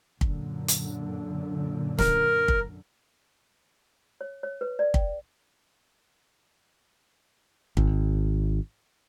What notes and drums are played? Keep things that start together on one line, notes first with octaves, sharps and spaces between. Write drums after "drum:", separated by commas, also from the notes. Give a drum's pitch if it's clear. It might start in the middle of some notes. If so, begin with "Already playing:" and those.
F#2 A#2 D3, drum: kick
drum: hi-hat
A#4, drum: snare
drum: kick
C#5
C#5
B4
D5
G5, drum: kick
G#1, drum: kick